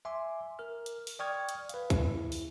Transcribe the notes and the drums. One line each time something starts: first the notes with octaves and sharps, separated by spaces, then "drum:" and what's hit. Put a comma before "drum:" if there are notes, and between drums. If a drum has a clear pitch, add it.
E5 G#5 C6 D6
A#4 F6
drum: hi-hat
drum: open hi-hat
D5 G5 C#6 D#6 F6 G#6
drum: hi-hat
B4 F5, drum: hi-hat
drum: kick, hi-hat
E4
drum: open hi-hat